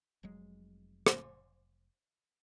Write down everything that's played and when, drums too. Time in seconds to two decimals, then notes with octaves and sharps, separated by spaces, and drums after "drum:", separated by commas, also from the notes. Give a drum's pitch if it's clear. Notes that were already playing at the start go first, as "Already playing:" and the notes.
0.23 F1 F#3 G#3
1.07 drum: rim click